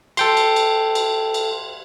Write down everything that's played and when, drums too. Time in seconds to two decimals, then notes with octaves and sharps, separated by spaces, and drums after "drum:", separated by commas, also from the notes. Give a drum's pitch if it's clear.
0.17 A4 G5 C6, drum: cymbal
0.37 drum: cymbal
0.56 drum: cymbal
0.95 drum: cymbal
1.34 drum: cymbal